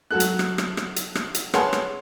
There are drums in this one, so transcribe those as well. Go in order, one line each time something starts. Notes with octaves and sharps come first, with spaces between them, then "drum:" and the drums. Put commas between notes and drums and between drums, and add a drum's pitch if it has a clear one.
F#3 F#4 A4 F#6
drum: hi-hat
drum: rim click
drum: rim click
drum: rim click
drum: hi-hat
drum: rim click
drum: hi-hat
G#4 B4 C#5 F#5 A5 C6, drum: rim click
drum: rim click